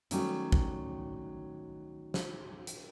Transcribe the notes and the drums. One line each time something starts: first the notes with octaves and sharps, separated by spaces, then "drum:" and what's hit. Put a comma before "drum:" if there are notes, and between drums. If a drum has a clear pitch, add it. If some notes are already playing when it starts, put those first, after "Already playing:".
D#3 F#3 G3 A3 C#4, drum: hi-hat
drum: kick
drum: snare
drum: hi-hat